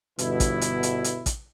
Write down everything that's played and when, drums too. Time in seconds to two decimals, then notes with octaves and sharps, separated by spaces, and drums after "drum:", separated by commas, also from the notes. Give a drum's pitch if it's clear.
0.18 G1 B2 E4, drum: hi-hat
0.40 drum: kick, hi-hat
0.61 drum: hi-hat
0.83 drum: hi-hat
1.04 drum: hi-hat
1.26 drum: kick, hi-hat